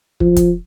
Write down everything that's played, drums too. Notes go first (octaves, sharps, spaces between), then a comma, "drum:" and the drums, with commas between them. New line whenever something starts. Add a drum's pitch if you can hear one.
F3, drum: kick
drum: kick, hi-hat